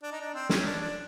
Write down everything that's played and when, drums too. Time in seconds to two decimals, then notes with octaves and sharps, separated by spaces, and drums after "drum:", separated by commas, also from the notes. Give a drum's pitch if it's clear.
0.03 D4
0.12 D#4
0.21 D4
0.34 C4
0.49 C#4, drum: snare
0.65 D4
0.80 D4